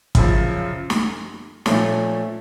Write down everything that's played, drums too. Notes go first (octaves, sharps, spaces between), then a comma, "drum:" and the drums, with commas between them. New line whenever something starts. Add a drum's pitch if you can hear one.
F#2 C#3 F3, drum: kick, hi-hat
drum: snare
A#2 F3 A3 C#4, drum: snare